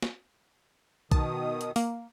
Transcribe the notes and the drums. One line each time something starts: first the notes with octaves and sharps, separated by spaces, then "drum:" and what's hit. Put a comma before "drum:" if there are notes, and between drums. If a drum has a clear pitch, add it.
drum: snare
B2 D#3 A5 D#6, drum: kick
drum: hi-hat
A#3, drum: open hi-hat